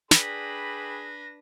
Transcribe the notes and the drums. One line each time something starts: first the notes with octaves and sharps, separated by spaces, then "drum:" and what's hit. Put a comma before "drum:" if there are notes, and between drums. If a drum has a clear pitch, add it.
D4 G#4 B4 D5 G5 B5 A#6, drum: snare